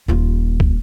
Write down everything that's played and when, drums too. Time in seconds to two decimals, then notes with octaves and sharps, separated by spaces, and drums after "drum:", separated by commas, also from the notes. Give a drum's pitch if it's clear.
0.08 D#1 F4
0.60 drum: kick